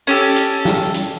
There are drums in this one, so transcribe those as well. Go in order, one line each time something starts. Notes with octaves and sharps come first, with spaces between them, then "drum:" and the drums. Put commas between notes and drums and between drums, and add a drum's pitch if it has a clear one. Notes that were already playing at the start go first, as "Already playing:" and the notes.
C#4 G4 A4, drum: open hi-hat
drum: hi-hat
drum: snare
drum: hi-hat